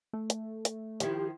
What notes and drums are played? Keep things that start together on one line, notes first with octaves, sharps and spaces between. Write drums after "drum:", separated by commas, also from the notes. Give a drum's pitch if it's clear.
A3
drum: hi-hat
drum: hi-hat
D#3 F3 E4 G4, drum: hi-hat